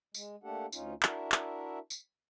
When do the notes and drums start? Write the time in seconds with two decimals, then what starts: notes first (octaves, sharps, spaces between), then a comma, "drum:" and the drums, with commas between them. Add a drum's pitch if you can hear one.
0.14 G#3, drum: tambourine
0.43 A3 A#3 D4 G4 A4 F#5
0.72 D2 C#4 D#4 F4, drum: tambourine
1.03 D4 E4 F#4 A#4 E5, drum: clap
1.32 drum: clap
1.90 drum: tambourine